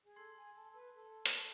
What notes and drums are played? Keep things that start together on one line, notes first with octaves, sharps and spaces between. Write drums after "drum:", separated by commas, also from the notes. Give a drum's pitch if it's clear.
G#4
A4 C6 G#6 C7
G#4
A4
A4
B4
A4
drum: hi-hat
A4